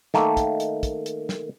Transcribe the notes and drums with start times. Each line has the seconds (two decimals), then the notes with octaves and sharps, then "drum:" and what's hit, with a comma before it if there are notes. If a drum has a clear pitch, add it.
0.14 D#3 A3 A#3, drum: snare
0.37 drum: kick, hi-hat
0.60 drum: hi-hat
0.83 drum: kick, hi-hat
1.06 drum: hi-hat
1.29 drum: snare